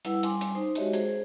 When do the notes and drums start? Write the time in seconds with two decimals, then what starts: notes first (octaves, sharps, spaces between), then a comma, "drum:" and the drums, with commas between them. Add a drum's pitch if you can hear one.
0.05 G3 E4 B4 F#5 E6, drum: hi-hat
0.23 G3 G#5 C6 D6, drum: hi-hat
0.41 drum: hi-hat
0.55 D#4 C5
0.75 G#3 F#4 G4 C#5 D#5 E5, drum: hi-hat
0.93 G#4 C5, drum: hi-hat